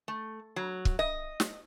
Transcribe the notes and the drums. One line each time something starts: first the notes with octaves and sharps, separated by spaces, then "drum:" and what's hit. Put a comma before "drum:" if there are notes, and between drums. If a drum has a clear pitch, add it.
A3
F#3
drum: kick
D#5
drum: snare